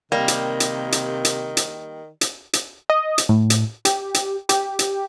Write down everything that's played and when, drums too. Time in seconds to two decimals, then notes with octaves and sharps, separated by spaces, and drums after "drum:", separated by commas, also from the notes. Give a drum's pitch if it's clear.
0.12 C3 D#3 G3 A#3
0.28 drum: hi-hat
0.60 drum: hi-hat
0.92 drum: hi-hat
1.25 drum: hi-hat
1.57 drum: hi-hat
2.21 drum: hi-hat
2.53 drum: hi-hat
2.90 D#5
3.18 drum: hi-hat
3.29 A2
3.50 drum: hi-hat
3.85 G4, drum: hi-hat
4.14 drum: hi-hat
4.49 G4, drum: hi-hat
4.79 drum: hi-hat